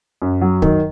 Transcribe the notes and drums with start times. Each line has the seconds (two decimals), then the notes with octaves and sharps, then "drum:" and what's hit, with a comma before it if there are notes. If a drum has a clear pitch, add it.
0.22 F#2
0.41 F#3
0.62 D#3, drum: kick